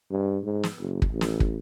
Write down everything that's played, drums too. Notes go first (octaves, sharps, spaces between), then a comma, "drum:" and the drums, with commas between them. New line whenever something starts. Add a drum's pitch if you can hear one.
G2
G#2
drum: snare
F#1
drum: kick
A1
drum: snare
drum: kick